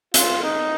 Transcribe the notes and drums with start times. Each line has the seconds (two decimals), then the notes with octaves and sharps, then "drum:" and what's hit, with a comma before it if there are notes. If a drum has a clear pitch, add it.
0.14 F4, drum: hi-hat
0.43 D#4